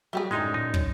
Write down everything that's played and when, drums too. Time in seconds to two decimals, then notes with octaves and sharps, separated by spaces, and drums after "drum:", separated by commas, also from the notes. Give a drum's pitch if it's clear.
0.13 F#3 G3 A3 G4 G#4
0.31 F#2 A2 D3 G#3 D#4 A#5 C6
0.54 A#2 D#4
0.74 F#3, drum: kick